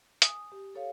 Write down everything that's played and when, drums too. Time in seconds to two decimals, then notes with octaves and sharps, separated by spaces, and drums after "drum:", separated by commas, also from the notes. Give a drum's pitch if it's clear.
0.22 G#5 D#6, drum: hi-hat
0.52 G4
0.75 A4 C#5 F5